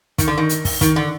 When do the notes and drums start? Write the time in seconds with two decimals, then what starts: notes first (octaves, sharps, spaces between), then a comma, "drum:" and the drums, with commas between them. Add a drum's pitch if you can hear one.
0.18 D#3, drum: kick, hi-hat
0.28 D3
0.37 D#3
0.49 drum: hi-hat
0.65 drum: kick, open hi-hat
0.81 D#3, drum: kick, hi-hat
0.96 D3